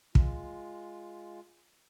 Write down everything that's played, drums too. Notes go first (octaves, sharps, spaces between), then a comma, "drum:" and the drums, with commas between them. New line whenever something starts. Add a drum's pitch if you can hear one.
G#3 F4, drum: kick